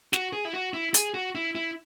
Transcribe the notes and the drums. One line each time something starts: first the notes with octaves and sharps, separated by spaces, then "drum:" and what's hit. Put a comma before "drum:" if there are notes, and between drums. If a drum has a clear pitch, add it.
F#4, drum: snare
G#4
E4
F#4
E4
G#4, drum: hi-hat
F#4
E4
E4